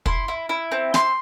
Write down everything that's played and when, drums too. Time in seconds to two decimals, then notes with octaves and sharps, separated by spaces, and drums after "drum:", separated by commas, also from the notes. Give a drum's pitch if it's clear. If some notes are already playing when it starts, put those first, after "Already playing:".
0.06 E4 C6, drum: kick
0.28 E4
0.49 E4
0.72 C4
0.94 C4 C6, drum: snare